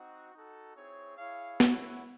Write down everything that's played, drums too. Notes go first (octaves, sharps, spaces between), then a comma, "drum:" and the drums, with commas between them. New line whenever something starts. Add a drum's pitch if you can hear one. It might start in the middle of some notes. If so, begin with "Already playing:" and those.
Already playing: C4 D#4 F#4
D#4 F#4 A4
C4 E4 G#4 C#5
E4 G#4 C#5 F5
E4 A4 C#5 F#5, drum: snare